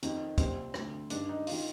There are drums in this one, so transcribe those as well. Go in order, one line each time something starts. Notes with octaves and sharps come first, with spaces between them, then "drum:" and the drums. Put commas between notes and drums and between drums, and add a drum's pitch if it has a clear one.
F2 D#3, drum: hi-hat
C2 A#2 C4, drum: kick, hi-hat
D2 D3, drum: rim click
G2 D#3 D4, drum: hi-hat
D#4
D#3 F4, drum: open hi-hat